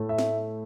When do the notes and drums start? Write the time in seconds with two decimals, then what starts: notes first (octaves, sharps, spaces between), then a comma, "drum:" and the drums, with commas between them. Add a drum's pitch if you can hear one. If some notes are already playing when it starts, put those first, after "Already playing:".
Already playing: A2 A3
0.09 E5
0.19 drum: snare